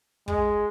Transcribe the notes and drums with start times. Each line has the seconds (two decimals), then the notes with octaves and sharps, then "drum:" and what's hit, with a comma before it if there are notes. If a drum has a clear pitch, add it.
0.28 G#3, drum: kick